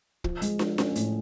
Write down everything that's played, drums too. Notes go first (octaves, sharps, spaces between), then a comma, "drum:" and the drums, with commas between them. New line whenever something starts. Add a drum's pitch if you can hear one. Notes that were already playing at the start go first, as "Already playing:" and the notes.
F3, drum: kick
G#3, drum: hi-hat
F3, drum: snare
C#4, drum: snare
A2, drum: hi-hat